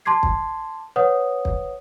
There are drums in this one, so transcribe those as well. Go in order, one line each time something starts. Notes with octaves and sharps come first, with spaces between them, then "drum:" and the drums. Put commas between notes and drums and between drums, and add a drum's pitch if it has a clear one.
A5 C6 D6 G#6 C7
drum: kick
B4 C#5 F#5 D#6
drum: kick